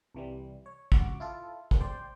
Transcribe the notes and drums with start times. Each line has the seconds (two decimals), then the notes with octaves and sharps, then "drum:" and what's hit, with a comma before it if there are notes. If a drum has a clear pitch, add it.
0.15 C2 E3 G3
0.66 C#5
0.92 C#2 F#4 D6, drum: kick
1.20 E4 F4 A4
1.71 drum: kick
1.81 C5 D5 G5